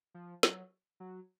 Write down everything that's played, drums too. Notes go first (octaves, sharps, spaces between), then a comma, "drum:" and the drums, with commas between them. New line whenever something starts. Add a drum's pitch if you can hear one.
F3
F#3, drum: snare
F#3